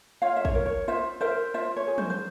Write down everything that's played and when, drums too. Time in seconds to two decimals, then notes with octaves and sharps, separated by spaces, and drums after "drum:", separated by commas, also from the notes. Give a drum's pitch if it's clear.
0.22 F4 C#5 F5
0.36 E5
0.45 C#5, drum: kick
0.55 A#4
0.66 C#5
0.88 F4 C5 E5
1.21 A#4 C5 E5
1.54 F4 C5 E5
1.76 C#5
1.87 G#4
1.98 C5, drum: tom
2.10 C5